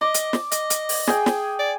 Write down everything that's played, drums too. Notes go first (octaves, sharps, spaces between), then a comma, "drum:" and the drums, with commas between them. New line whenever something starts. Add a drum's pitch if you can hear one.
D5 D#5
drum: hi-hat
drum: snare
D#5, drum: hi-hat
drum: hi-hat
drum: open hi-hat
G#4 G5, drum: snare
drum: snare
D5